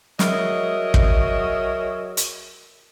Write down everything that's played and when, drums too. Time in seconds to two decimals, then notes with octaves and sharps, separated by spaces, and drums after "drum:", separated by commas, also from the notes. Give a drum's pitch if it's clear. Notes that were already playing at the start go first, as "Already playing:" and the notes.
0.19 F#3 G#4 A#4 C#5 D#5 E5, drum: snare
0.94 drum: kick
2.17 drum: hi-hat